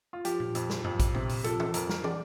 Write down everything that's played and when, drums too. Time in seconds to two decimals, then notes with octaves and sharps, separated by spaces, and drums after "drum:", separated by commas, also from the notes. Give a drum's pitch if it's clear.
0.13 F4
0.25 F3 G4, drum: hi-hat
0.40 drum: tom A#2
0.55 F2, drum: hi-hat
0.70 drum: snare
0.84 F2, drum: tom G2
1.00 drum: kick, hi-hat
1.14 C3, drum: tom A#2
1.29 drum: open hi-hat
1.44 F3 A4, drum: hi-hat
1.60 A4, drum: tom
1.74 F2 A#4, drum: hi-hat
1.89 A#4, drum: snare
2.04 D5, drum: tom